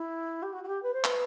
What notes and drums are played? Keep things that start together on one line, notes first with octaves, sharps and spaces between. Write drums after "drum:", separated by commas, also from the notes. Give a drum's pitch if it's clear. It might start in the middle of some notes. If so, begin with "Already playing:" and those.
Already playing: E4
G4
F#4
F#4
G4
B4
C5
B4, drum: clap